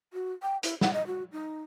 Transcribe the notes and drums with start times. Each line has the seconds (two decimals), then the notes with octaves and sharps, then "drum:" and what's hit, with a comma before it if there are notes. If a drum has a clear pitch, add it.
0.13 F#4
0.43 G5
0.63 E4, drum: hi-hat
0.81 F#5, drum: snare
0.94 D#5
1.07 F#4
1.32 D#4